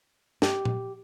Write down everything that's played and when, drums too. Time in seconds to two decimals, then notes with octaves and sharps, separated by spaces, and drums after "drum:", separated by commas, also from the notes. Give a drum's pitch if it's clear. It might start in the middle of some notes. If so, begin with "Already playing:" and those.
0.42 G4, drum: snare
0.65 drum: tom A#2